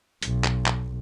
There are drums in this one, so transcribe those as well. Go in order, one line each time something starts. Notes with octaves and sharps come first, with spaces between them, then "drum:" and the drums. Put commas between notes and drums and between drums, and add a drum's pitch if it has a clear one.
B1, drum: hi-hat
drum: clap
drum: clap